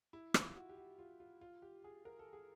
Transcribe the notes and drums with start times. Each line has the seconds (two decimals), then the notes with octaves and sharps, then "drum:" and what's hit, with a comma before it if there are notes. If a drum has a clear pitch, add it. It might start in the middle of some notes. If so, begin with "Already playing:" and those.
0.13 E4
0.34 F4, drum: rim click
0.56 F#4
0.69 G4
0.77 F#4
0.99 F4
1.20 F4
1.41 F4
1.62 G4
1.84 G#4
2.05 A#4
2.19 A4
2.33 G#4